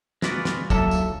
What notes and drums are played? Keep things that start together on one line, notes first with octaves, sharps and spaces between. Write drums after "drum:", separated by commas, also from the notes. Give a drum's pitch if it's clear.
G#3 A#3 F4 F#4 B4 D5, drum: snare
drum: snare
C#2 F#3 A#3 A4 E5 A5, drum: kick, tambourine
drum: tambourine